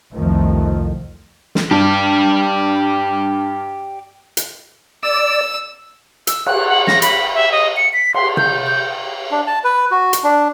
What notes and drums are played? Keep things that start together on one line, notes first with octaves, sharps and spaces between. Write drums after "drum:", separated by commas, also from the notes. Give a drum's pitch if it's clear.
C2 F2 D#3 F3 A3
drum: snare
G2 G4 D5
drum: hi-hat
D5 E6
E6, drum: hi-hat
F#6, drum: cymbal
F#5
A#6, drum: snare
B5, drum: hi-hat
E5
D#5
C#7
B6
C6, drum: cymbal
G6, drum: tom C3
G6
D4
A5
B4
F#4
drum: hi-hat
D4